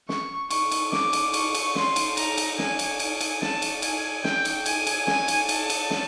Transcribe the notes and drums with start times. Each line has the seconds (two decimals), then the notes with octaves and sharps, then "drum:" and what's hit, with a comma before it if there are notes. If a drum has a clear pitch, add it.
0.09 C#6, drum: snare
0.50 C#6, drum: cymbal
0.71 drum: cymbal
0.92 D6, drum: snare
1.13 drum: cymbal
1.34 C#6, drum: cymbal
1.55 drum: cymbal
1.75 C6, drum: snare
1.96 drum: cymbal
2.17 A#5, drum: cymbal
2.38 drum: cymbal
2.59 G#5, drum: snare
2.79 drum: cymbal
3.00 G#5, drum: cymbal
3.21 drum: cymbal
3.42 A5, drum: snare
3.62 drum: cymbal
3.82 G#5, drum: cymbal
4.24 G5, drum: snare
4.45 drum: cymbal
4.66 G#5, drum: cymbal
4.87 drum: cymbal
5.07 G#5, drum: snare
5.28 drum: cymbal
5.49 A5, drum: cymbal
5.70 drum: cymbal
5.90 drum: snare